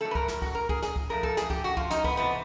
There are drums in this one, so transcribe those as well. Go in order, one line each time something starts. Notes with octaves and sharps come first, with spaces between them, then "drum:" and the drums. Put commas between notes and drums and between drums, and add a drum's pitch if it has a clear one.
A2 F#3 A3 A4
B4
A#4, drum: kick
drum: snare
F#4, drum: kick
A#4
G#4, drum: kick
G#4, drum: snare
drum: kick
A2 F3 A3 A#4
A4, drum: kick
G#4, drum: snare
G4, drum: kick
F#4
F4, drum: kick
D#4, drum: snare
B3, drum: kick
C3 E3 A3 B3